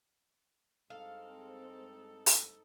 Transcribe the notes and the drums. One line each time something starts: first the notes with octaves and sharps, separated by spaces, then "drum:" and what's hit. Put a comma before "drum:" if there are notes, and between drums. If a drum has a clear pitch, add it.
G2 G#3 C4 D#4 A4 F5
drum: open hi-hat